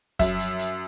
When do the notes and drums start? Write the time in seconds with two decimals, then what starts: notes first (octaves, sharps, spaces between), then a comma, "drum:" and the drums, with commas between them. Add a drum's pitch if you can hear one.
0.19 F#2 E5, drum: kick, hi-hat
0.39 drum: hi-hat
0.59 drum: hi-hat